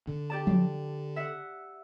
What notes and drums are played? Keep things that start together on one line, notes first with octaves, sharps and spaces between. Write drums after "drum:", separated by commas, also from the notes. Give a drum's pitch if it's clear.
D3
G4 D5 A5
drum: tom F3
E5 F#5